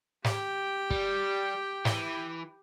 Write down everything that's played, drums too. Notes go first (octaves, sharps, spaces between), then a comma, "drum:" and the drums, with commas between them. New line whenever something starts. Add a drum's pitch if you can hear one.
G4 G5, drum: snare
G3, drum: kick
E3, drum: snare